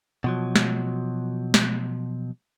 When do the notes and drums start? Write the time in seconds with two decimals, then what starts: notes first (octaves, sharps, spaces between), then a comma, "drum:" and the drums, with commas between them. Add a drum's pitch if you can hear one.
0.24 B2 F3 F#3
0.56 drum: snare
1.54 drum: snare